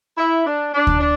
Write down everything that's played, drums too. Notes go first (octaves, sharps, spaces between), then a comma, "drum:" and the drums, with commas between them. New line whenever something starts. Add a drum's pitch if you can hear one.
E4
D4
D4
drum: kick D2
D4